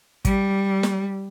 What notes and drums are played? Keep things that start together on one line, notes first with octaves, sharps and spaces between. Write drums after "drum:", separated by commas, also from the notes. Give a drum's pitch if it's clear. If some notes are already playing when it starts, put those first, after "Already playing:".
G3, drum: kick, hi-hat
drum: snare